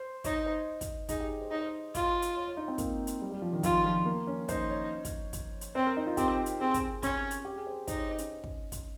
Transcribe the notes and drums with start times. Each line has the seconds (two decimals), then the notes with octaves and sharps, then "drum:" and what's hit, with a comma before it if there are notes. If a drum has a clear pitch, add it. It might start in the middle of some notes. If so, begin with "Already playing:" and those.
Already playing: C5
0.24 D#4 C#5, drum: kick, hi-hat
0.46 C5
0.81 drum: kick, hi-hat
1.09 D#4 G#4, drum: kick, hi-hat
1.20 G4
1.30 G#4
1.41 C5
1.51 D#4 C#5
1.61 C5
1.95 F4, drum: kick, hi-hat
2.22 drum: hi-hat
2.37 C#5
2.47 C#5
2.57 D#4
2.68 C4
2.78 A#3, drum: kick, hi-hat
3.07 drum: hi-hat
3.21 G3
3.31 G3
3.42 F3
3.53 D#3
3.63 F3 F4, drum: kick, hi-hat
3.85 F3
4.05 A#3
4.27 C#4
4.48 D#4 C5, drum: kick, hi-hat
4.70 C#5
5.05 drum: kick, hi-hat
5.33 drum: kick, hi-hat
5.61 drum: hi-hat
5.75 C4 C5
5.86 A#4
5.97 D#4
6.07 F4
6.17 C4 G4, drum: kick, hi-hat
6.46 drum: hi-hat
6.60 C4 G#4
6.74 drum: kick, hi-hat
7.03 C#4, drum: kick, hi-hat
7.31 drum: hi-hat
7.45 G4
7.56 G#4
7.67 C5
7.88 D#4 C5, drum: kick, hi-hat
7.98 C#5
8.09 C5
8.18 C#4, drum: hi-hat
8.44 drum: kick
8.72 drum: kick, hi-hat